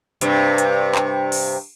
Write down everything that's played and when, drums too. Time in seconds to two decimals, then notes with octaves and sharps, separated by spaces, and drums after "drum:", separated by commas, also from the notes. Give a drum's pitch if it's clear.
0.21 G2 C3, drum: hi-hat
0.58 drum: hi-hat
0.95 drum: clap
1.32 drum: open hi-hat